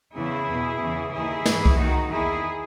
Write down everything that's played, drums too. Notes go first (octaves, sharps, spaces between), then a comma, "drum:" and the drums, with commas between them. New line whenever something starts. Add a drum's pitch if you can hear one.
E2 C#3 E3 E4 G#4
E2 B2
E2 C#3 E3
D#2 D#3 E4 G#4
G#2 E3, drum: snare
drum: kick C2
D#2 D#3 D#4 F#4
E2 D#3 E4 G#4